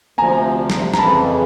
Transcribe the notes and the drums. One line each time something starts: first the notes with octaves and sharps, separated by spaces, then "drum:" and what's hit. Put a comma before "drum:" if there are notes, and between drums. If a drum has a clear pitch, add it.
D2 C3 F3 G#5 A#5
drum: snare
A#5, drum: snare
F2 C#3 E3 A5 B5